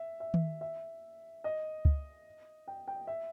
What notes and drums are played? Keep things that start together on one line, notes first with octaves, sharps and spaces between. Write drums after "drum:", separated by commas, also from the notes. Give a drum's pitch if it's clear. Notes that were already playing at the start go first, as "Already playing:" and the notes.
Already playing: E5
E5
drum: tom D#3
E5
D#5
drum: kick C#2
G5
G5
E5